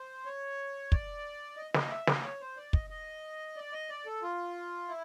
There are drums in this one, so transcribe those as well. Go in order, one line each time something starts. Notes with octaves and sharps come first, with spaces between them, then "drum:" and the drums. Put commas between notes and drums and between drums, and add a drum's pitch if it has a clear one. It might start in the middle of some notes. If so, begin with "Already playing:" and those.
Already playing: C5
C#5
D5, drum: kick
D#5
D#5, drum: snare
E5
D#5, drum: snare
C#5
C5
D5
D#5, drum: kick
D#5
D5
D#5
D5
A4
F4
E4